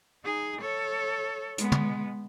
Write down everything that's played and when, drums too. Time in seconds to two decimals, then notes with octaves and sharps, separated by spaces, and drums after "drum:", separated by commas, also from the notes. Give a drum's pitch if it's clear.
0.24 D#4 G#4
0.60 A4 C#5
1.58 G#3 B3, drum: hi-hat
1.72 drum: tom